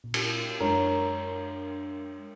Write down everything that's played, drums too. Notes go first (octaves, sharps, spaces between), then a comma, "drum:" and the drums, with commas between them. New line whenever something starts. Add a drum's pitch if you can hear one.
A#2
drum: cymbal
F#2 G#3 D4 A#4 C#5